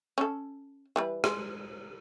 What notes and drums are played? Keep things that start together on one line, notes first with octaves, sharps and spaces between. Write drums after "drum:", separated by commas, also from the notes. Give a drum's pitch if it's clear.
C#4 A4
E3 G3 B4
G#3, drum: rim click